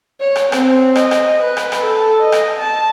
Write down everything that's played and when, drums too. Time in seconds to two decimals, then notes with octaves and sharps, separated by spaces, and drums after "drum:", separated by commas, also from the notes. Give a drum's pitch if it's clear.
0.20 C#5
0.35 drum: rim click
0.52 C4, drum: rim click
0.95 D#5, drum: rim click
1.11 drum: rim click
1.39 B4
1.57 drum: rim click
1.72 drum: rim click
1.81 A4
2.22 D#5
2.32 drum: rim click
2.59 A5